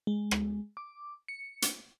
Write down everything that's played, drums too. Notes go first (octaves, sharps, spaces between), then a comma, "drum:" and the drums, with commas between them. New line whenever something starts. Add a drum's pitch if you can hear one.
G#3
drum: rim click
D6
C#7
drum: hi-hat